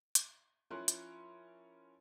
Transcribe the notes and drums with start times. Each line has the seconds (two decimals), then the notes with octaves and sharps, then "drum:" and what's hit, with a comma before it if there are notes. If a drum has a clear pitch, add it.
0.15 drum: hi-hat
0.70 F3 C#4 E4 A#4 C6 F#6
0.88 drum: hi-hat